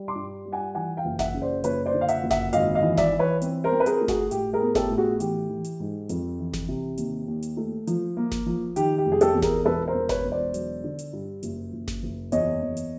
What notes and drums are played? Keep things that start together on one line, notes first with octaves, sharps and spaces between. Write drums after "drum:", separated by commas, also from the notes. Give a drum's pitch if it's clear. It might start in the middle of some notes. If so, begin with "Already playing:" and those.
Already playing: G3
C6 D6
G2
G3
F#5 G#5
E3 F#5 G#5
F5 G5
F#1
E5 F#5, drum: snare G1
C#3
C5 D5
F#1 B4 C#5, drum: hi-hat
C5 D5
D3
F5
E5 F#5, drum: hi-hat
F#1
E5 F#5, drum: snare G1
G#1 D#5 F5, drum: hi-hat
D#5 F5
E3
D5 E5, drum: snare G1
E3
B4 C#5
C4, drum: hi-hat
A#4 C5
C4
B4
G#4 A#4, drum: hi-hat
A3
F#4 G#4, drum: snare G1
A2 G4, drum: hi-hat
G#4 A#4
B3
G4 A4, drum: snare G1
A2
F#4 G#4
E3 G4, drum: hi-hat
E3
drum: hi-hat
G#2
F2, drum: hi-hat
E3
drum: snare G1
C3
D#2, drum: hi-hat
D#2
drum: hi-hat
A3
F3, drum: hi-hat
A#3
drum: snare G1
F3
D#3 G4, drum: hi-hat
G4
F1
G#4
G4 A4, drum: hi-hat
E2
G#4 A#4, drum: snare G1
E1 A4 B4
A#4 C5
E1
B4 C#5, drum: snare G1
E1
C5 D5
F#3, drum: hi-hat
D3
drum: hi-hat
G2
F#1, drum: hi-hat
F#1
drum: snare G1
F#1
E2 C#5 D#5, drum: hi-hat
E2
drum: hi-hat